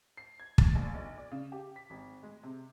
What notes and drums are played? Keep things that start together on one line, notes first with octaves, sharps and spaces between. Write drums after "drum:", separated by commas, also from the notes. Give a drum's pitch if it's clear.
C7
G#6
A6, drum: kick
A#1
B1
D5
C#3
G4
B6
G#1
G#3
C3